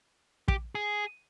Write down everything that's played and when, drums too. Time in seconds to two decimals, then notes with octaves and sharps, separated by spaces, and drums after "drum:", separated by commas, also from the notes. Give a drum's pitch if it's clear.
0.48 G4, drum: kick
0.75 G#4